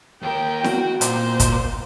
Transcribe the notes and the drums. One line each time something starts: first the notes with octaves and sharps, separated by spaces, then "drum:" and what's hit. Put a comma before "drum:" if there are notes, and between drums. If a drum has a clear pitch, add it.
D#2 A#4 G5
F#4, drum: snare E4
A#2 C5, drum: hi-hat
drum: kick, hi-hat